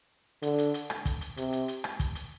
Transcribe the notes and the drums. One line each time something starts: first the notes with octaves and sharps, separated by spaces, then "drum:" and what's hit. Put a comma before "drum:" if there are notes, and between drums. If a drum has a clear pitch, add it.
D3, drum: hi-hat
drum: hi-hat
drum: hi-hat
drum: rim click
drum: kick, hi-hat
drum: hi-hat
C3, drum: hi-hat
drum: hi-hat
drum: hi-hat
drum: rim click
drum: kick, hi-hat
drum: hi-hat